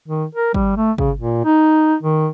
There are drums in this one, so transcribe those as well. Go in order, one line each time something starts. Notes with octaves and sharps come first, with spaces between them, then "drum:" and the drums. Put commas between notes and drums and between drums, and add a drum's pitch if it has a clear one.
D#3
A#4
G3, drum: kick
A3
C#3, drum: kick
A#2
D#4
D#3